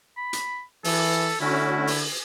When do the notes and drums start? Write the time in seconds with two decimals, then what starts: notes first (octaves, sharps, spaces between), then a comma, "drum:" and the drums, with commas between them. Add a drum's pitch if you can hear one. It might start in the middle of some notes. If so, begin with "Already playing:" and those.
0.17 B5
0.33 drum: hi-hat
0.84 E3 A4, drum: open hi-hat
1.41 D3 A3 C#4 E4 F#4
1.87 drum: open hi-hat